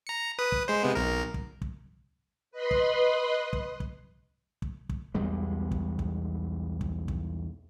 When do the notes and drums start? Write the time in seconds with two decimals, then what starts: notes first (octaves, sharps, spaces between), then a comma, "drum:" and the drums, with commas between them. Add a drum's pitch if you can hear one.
0.07 A#5 C#7
0.39 B4 D#6
0.52 drum: kick
0.68 G#3 C5
0.83 C3 G#3 B3
0.95 B1 A#4
1.34 drum: kick
1.62 drum: kick
2.51 B4 D#5 B5 C6
2.71 drum: kick
3.53 drum: kick
3.80 drum: kick
4.62 drum: kick
4.89 drum: kick
5.14 B1 E2 G3 G#3
5.71 drum: kick
5.99 drum: kick
6.81 drum: kick
7.08 drum: kick